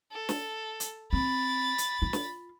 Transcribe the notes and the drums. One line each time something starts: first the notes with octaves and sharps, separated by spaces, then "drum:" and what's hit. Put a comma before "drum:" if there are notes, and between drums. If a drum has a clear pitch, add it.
A4
drum: snare
drum: hi-hat
C4 B5 A6
drum: hi-hat
F4
drum: snare